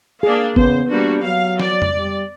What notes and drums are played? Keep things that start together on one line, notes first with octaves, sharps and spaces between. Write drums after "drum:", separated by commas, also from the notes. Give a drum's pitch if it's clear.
A#3 D4 G#4 F5
C#3 B3 C5, drum: kick
G3 A#3 D4 F#4
F#3 F5
D5, drum: snare
drum: tom F2
G3